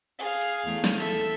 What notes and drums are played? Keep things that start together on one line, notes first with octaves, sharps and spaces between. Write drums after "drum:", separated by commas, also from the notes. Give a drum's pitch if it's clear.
G#4 F5
drum: hi-hat
E2 A3
drum: snare
A4 E5, drum: hi-hat